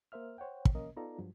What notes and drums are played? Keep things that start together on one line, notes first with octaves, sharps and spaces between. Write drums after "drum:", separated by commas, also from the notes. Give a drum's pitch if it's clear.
A#3 A#4 C5 E5 F6
C5 C#5 F#5 G5
drum: kick
A#3 C#4 A#4 D#5
B3 D#4 F4 A4 D5 A#5
G2 F3 F#3